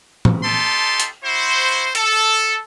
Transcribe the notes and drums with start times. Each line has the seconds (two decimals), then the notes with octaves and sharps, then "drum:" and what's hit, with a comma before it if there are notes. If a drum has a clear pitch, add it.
0.25 drum: tom
0.43 D#4 G4 A4 A5 C6
1.00 drum: hi-hat
1.23 E4 F#4 C5
1.95 A4, drum: hi-hat